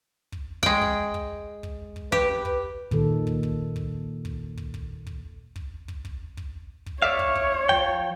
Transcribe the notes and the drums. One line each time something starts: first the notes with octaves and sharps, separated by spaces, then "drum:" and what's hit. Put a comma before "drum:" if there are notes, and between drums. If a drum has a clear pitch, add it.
drum: kick
G#3 G5, drum: kick
drum: kick
drum: kick
drum: kick
drum: kick
G4 B4, drum: kick
drum: kick
A#2 D#3 A4, drum: kick
drum: kick
drum: kick
drum: kick
drum: kick
drum: kick
drum: kick
drum: kick
drum: kick
drum: kick
drum: kick
drum: kick
drum: kick
C#5 D5 E5 F5
drum: kick
drum: kick
F3 G5, drum: kick